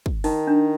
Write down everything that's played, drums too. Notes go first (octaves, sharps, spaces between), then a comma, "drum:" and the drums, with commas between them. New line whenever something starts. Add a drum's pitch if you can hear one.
drum: kick
D#3 D#4, drum: open hi-hat
D4